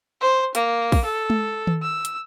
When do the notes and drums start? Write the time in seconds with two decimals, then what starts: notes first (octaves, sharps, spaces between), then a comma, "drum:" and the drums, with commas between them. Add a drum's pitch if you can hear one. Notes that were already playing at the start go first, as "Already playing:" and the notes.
0.21 C5
0.55 A#3, drum: hi-hat
0.92 drum: kick, open hi-hat
1.04 A4
1.30 drum: tom G#3
1.67 drum: tom D#3
1.82 E6
2.05 drum: hi-hat